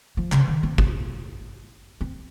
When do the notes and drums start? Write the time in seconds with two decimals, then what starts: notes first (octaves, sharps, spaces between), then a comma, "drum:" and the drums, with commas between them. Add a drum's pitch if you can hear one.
0.17 F3
0.32 C#3, drum: clap
0.48 D#3
0.63 C4
0.78 C#4, drum: kick
2.01 C4